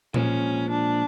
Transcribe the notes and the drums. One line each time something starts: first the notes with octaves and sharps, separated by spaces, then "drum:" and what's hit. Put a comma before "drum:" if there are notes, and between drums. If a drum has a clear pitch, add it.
A#2 F3 G#3 C#4, drum: tom A#2
D4